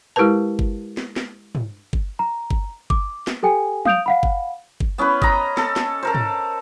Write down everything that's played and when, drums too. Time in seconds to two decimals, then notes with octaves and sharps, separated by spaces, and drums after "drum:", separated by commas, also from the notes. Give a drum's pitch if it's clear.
0.16 G#3 E4 G4 A#4 B4 A5
0.59 drum: kick G1
0.97 drum: snare
1.16 drum: snare
1.55 drum: tom
1.93 drum: kick G1
2.19 A#5
2.51 drum: kick G1
2.90 D6, drum: kick G1
3.27 drum: snare
3.43 G4 A4 G5 G#5
3.85 F5 D#6 G6 D7 F7, drum: tom
4.06 F5 F#5 B5
4.23 drum: kick G1
4.80 drum: kick G1
4.98 B3 C#4 E4 B4
5.22 D#5 A#5 B5, drum: kick G1
5.57 A4, drum: snare
5.76 drum: snare
6.02 A4 A#4 C5
6.15 drum: tom